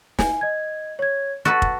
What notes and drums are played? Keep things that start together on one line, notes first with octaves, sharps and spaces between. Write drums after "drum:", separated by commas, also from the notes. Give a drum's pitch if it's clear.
G#5, drum: snare
D#5 G#6
C#5 G#6
F#4 A4 B4 A6
drum: kick